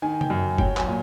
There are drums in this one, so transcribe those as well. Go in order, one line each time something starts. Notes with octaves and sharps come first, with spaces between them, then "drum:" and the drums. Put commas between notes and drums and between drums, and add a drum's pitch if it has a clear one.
D#3 G#5
G5, drum: tom C#3
F#2
F#3 G5, drum: kick F#1
G#5, drum: clap
A#2